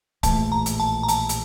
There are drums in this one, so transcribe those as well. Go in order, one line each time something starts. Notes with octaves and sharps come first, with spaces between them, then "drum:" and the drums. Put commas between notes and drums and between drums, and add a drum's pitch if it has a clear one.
A#1 A2 E3 A3 A5, drum: kick C#1, hi-hat
A#5
drum: hi-hat
A5
A#5
A5, drum: hi-hat
drum: hi-hat